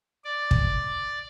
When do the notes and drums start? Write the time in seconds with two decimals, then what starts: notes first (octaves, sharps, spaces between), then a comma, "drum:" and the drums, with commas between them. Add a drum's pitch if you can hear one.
0.24 D5
0.51 drum: kick